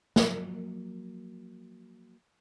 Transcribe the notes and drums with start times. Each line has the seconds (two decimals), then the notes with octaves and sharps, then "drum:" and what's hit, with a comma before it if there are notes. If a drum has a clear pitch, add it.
0.16 F3 F#3 A#3, drum: snare A#4